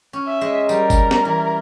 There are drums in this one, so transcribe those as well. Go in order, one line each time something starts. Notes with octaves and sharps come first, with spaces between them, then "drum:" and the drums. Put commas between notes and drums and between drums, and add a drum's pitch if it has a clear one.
C#4
E5
G#3
G3 A#4, drum: tambourine
drum: kick G1, tambourine
drum: snare
E3